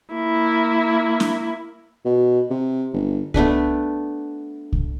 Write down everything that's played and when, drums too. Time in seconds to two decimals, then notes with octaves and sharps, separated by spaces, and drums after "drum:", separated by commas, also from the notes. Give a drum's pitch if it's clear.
0.14 A#3 E4
1.20 drum: snare
2.05 B2
2.50 C3
2.93 G1
3.34 A3 B3 D4 B4, drum: kick C2
4.73 drum: kick C2